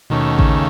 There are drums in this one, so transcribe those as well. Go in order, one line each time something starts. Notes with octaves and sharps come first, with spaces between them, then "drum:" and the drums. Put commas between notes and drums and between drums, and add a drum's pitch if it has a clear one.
D#2 B2 D#3 A3 C#4
C#3, drum: kick A1